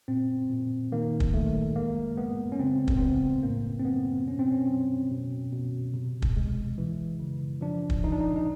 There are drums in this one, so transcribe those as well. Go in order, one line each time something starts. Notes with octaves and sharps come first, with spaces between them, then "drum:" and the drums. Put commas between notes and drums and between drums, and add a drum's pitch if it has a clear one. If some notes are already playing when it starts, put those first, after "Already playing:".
A#2 C4
A#2
D#3 A#3
drum: kick
F#3 A3
G#3 A#3
G#3 B3
C#4
C#3 C4
drum: kick
C4
C#3 B3
A2 A#3
C4
F#3 B3
B2 C#4
C4
C#4
F#3
B2
B2
C3
drum: kick
G#3
E3
C#3
F3 D4
drum: kick
F3 D#4
D4
D#4
D#4